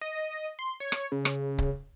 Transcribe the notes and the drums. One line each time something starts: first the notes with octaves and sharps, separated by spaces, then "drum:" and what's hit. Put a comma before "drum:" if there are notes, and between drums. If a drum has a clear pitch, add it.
D#5
C6
C#5
drum: rim click
C#3
drum: rim click
drum: kick C#1